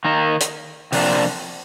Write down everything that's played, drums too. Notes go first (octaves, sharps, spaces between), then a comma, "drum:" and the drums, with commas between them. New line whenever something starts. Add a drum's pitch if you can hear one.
D#3 A#3 D#4
drum: hi-hat
C3 F3 A#3 D4 F4, drum: open hi-hat